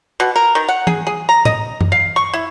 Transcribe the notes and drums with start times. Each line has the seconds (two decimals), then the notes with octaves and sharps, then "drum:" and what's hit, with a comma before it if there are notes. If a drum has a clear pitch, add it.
0.20 B2
0.36 A#4
0.55 D#3
0.68 F#5
0.87 G#4, drum: tom
1.07 G#4
1.29 A#5
1.45 D#5, drum: tom
1.81 drum: tom F#2
1.92 F5
2.16 C#6
2.34 E4